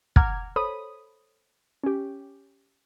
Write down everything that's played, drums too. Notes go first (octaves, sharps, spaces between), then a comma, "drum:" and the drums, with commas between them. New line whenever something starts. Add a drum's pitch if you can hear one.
F#5 A#5 D6 F6 G#6, drum: kick
A4 C5 C#5 B5 D#6
C#4 G4